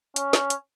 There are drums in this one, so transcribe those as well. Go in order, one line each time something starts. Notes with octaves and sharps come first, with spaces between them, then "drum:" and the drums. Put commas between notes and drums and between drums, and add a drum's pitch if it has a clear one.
C#4, drum: hi-hat
drum: snare
drum: hi-hat